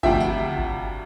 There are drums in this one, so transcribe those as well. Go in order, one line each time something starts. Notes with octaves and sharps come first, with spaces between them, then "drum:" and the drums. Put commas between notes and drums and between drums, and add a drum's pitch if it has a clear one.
D2 C3 F3 E5 G5, drum: kick G1
drum: tambourine
drum: tom C#3
drum: kick G1